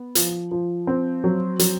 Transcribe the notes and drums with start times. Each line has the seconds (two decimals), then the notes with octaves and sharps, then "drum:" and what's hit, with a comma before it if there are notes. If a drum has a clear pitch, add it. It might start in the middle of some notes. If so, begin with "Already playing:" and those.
Already playing: B3
0.15 F3, drum: hi-hat
0.51 F3
0.87 C4
1.24 F#3
1.59 F#3, drum: hi-hat